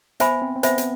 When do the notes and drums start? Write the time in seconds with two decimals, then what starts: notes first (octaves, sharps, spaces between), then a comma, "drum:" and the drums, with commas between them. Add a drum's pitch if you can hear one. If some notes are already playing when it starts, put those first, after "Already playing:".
0.20 B3 C5 E5 G#5 B5, drum: hi-hat
0.42 C4
0.55 C4
0.63 B3 C5 E5 G#5 B5, drum: hi-hat
0.78 drum: hi-hat